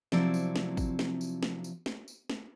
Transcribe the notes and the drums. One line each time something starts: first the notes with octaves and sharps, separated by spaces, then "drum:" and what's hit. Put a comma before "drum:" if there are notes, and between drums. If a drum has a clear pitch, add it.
C3 F3 F#3 C4 E4 D5, drum: snare
drum: tambourine
drum: snare
drum: kick, tambourine
drum: snare
drum: tambourine
drum: snare
drum: tambourine
drum: snare
drum: tambourine
drum: snare